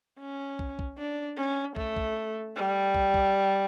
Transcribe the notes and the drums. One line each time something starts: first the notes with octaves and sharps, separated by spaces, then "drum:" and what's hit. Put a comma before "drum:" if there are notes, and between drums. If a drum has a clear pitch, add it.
C#4
drum: kick
drum: kick
D4
C#4
A3, drum: kick
drum: kick
G3
drum: kick
drum: kick